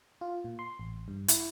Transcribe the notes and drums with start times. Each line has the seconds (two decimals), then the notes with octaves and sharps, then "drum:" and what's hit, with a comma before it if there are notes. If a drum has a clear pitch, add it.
0.21 F4
0.45 A#2
0.59 C6
0.79 A1
1.08 G2
1.28 E4, drum: hi-hat